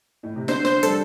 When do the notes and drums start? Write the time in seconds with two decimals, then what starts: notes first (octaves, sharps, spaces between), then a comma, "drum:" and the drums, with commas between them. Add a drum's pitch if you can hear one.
0.23 A2
0.36 C3
0.48 D3 C5, drum: snare
0.65 C5, drum: snare
0.83 G3 A4, drum: hi-hat